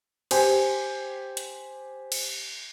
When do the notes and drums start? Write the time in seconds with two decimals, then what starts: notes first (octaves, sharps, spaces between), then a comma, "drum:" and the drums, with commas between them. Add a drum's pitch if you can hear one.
0.31 G4 C5 G#5, drum: cymbal
1.37 drum: hi-hat
2.12 drum: cymbal